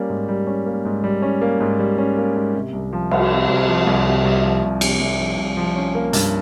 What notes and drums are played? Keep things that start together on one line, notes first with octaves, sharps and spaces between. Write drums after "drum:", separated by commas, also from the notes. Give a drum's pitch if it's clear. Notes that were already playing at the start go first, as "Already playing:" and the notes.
Already playing: G3 A#3 C#4
G#2
G3
C#4
A#3
G#2
G3
C#4
A#3
G#2
G3
C#4
A#3
G#2
C3
C2
F3
C2, drum: cymbal
C3
C2
F3
C2
C3
C2
F3
C2
C3, drum: cymbal
C2
F3
C2
F3
C#4
A#3
G2, drum: hi-hat